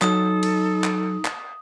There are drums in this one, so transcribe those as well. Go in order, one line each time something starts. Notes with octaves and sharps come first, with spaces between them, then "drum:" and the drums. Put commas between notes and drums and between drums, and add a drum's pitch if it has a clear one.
F#3 D#4 A4 D#6, drum: clap
drum: cymbal
drum: clap
drum: clap